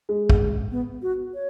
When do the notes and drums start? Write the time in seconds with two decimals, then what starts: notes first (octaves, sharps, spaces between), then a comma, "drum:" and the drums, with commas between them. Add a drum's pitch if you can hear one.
0.09 G#3
0.30 drum: kick
0.71 B3
1.02 F#4
1.34 C#5